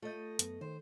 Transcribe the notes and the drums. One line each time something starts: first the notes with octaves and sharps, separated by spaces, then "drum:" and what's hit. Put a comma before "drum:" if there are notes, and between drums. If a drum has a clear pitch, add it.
A3 F4 D#5 G6
F#2 B3, drum: hi-hat
D#3 C5